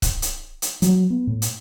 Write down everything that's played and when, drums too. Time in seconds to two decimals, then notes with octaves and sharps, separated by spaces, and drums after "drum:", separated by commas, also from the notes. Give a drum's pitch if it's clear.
0.02 drum: kick, hi-hat
0.22 drum: hi-hat
0.62 drum: hi-hat
0.82 F#3, drum: hi-hat
1.10 B3
1.27 A2
1.42 drum: hi-hat